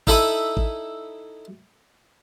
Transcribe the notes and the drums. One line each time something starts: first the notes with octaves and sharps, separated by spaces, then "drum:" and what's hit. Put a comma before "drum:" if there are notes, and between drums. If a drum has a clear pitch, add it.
D#4 E4 A4 E5 B5 D#6, drum: kick
drum: kick